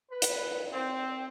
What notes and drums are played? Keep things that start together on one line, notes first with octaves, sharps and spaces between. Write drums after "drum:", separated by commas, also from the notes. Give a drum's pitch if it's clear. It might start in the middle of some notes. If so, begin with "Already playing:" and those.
B4
drum: hi-hat
C4